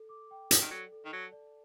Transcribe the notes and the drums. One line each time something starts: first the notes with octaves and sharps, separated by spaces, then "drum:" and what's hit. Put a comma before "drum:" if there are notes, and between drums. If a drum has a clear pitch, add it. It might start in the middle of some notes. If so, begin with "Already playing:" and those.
Already playing: A4
D6
G5
D5, drum: hi-hat
D#3
F#3 A4
A4
D#3
F#3 A5
D5